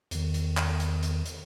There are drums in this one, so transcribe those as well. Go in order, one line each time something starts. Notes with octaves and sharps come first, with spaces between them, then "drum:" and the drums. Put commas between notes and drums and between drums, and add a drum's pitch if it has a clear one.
E2 D#3, drum: hi-hat
drum: hi-hat
drum: clap
drum: hi-hat
drum: hi-hat
drum: hi-hat